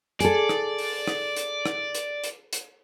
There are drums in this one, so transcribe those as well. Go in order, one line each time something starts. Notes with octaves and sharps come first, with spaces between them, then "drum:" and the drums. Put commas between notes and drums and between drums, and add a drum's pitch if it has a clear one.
G#4 A4 D5, drum: hi-hat
drum: rim click
drum: open hi-hat
drum: rim click
drum: hi-hat
drum: rim click
drum: hi-hat
drum: hi-hat
drum: hi-hat